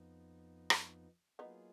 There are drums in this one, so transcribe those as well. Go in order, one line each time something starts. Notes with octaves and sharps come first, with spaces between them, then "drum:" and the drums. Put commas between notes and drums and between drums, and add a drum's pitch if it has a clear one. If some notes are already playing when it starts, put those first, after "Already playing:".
Already playing: F2 F3 B3 D#4
drum: rim click
F#3 A#3 B3 D#4 F4 G#4